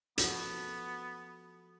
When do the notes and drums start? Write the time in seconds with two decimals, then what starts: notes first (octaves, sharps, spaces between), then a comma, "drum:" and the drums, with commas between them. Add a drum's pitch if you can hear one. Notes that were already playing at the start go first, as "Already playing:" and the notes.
0.18 F3 B3 F#4 A4, drum: hi-hat